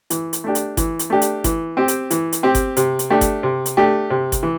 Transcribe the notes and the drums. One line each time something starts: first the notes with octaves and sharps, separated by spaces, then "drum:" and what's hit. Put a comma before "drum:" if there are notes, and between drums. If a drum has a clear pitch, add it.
E3, drum: hi-hat
drum: hi-hat
A3 D4 G4
drum: hi-hat
E3, drum: kick G1, hi-hat
drum: hi-hat
A3 D4 G4
drum: hi-hat
E3, drum: kick G1, hi-hat
C4 G4
drum: hi-hat
E3, drum: hi-hat
drum: hi-hat
C4 G4
drum: kick G1, hi-hat
C3, drum: hi-hat
drum: hi-hat
A3 D4 G4
drum: kick G1, hi-hat
C3
drum: hi-hat
A3 D4 G4
C3
drum: kick G1, hi-hat
E3